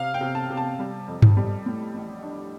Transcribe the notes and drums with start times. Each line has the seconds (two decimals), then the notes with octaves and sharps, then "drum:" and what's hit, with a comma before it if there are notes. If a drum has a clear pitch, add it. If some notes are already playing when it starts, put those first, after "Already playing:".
Already playing: C3 F5
0.14 G5
0.21 C3
0.35 A5
0.50 C3
0.57 A5
0.79 G3
1.08 F2
1.22 drum: tom G2
1.37 G3
1.66 A2
1.94 A1
2.23 D4